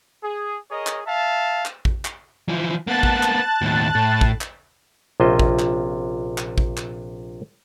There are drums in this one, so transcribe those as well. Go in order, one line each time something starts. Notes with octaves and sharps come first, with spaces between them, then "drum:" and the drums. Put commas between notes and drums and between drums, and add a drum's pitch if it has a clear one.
G#4
G#4 A#4 C#5 D#5
drum: clap
E5 F5 A5
drum: clap
drum: kick A1
drum: clap
E3 F3
A#3 B3 A5 F#6 A6
drum: kick A1
drum: clap
D#2 A2
A2
drum: kick A1
drum: clap
A#1 C3 C#4 F4 C5 D#5
drum: kick A1
drum: clap
drum: clap
drum: kick A1
drum: clap